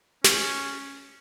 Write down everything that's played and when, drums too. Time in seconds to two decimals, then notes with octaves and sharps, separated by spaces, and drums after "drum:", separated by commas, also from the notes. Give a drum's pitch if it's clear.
0.24 C#4, drum: snare